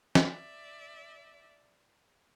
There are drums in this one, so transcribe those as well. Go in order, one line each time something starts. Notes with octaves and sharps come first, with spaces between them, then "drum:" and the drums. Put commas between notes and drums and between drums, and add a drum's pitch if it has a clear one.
D5 E5, drum: snare